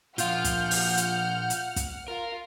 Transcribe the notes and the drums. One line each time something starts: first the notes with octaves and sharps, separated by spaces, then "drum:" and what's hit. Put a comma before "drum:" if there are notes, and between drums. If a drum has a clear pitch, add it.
A#2 F3 F4 F5 F#5 F6 G6, drum: hi-hat
drum: kick, hi-hat
drum: open hi-hat
drum: hi-hat
drum: hi-hat
drum: kick, hi-hat
F4 A#4